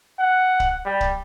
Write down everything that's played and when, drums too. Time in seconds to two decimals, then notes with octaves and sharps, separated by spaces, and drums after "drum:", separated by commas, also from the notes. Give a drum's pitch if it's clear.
0.19 F#5
0.60 drum: kick C#1
0.85 G3
1.01 drum: kick C#1